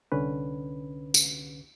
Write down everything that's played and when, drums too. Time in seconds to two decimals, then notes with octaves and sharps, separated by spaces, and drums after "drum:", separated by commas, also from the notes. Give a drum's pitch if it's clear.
0.12 C2 D3 C#4 B4
1.14 drum: tambourine